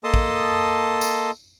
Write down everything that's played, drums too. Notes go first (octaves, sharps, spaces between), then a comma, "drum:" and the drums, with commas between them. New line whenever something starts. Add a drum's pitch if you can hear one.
A#3 A4 D#5 A5 C6 D#6
drum: kick
drum: tambourine